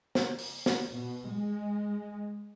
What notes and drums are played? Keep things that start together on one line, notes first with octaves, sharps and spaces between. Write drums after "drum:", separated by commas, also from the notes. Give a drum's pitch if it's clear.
drum: snare
drum: open hi-hat
drum: snare
B2
G#3